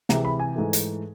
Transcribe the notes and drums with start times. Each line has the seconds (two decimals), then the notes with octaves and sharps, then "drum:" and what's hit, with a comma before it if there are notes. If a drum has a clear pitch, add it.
0.09 C3 E3 G#3 A#5, drum: snare
0.25 B5
0.40 G#5
0.56 G#2 E3 A3
0.73 drum: hi-hat